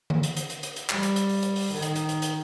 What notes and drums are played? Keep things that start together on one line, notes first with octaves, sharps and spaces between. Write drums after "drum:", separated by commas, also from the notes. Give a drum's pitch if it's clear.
drum: tom D3
drum: hi-hat
drum: hi-hat
drum: hi-hat
drum: hi-hat
drum: hi-hat
G3, drum: clap
drum: hi-hat
drum: hi-hat
drum: open hi-hat
drum: hi-hat
drum: open hi-hat
D#3
drum: hi-hat
drum: hi-hat
drum: hi-hat
drum: hi-hat